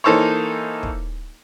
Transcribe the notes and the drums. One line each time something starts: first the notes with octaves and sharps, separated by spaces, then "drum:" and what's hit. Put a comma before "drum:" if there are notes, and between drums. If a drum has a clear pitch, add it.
E3 A#3 D#4 A4 C5 C#5
drum: kick